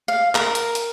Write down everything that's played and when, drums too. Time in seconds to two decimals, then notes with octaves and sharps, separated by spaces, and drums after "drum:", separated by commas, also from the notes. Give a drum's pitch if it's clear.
0.08 F5
0.35 A#4, drum: clap
0.55 drum: hi-hat
0.75 drum: hi-hat